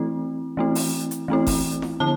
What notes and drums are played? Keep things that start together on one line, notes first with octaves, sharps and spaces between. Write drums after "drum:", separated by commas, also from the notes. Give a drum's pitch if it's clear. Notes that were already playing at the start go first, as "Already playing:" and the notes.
Already playing: E3 A3 C4 E4
E3 A3 C4 E4
drum: open hi-hat
drum: hi-hat
E3 A3 C4 E4
drum: kick F#1, open hi-hat
drum: snare
D3 F3 B3 E4 A5